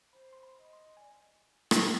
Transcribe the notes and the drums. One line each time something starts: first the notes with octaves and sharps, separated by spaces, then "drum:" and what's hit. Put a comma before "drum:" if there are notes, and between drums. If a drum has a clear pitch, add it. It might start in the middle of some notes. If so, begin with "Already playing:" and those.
C5 B5
C6
B5
D#5
C6
D5 G#5
drum: rim click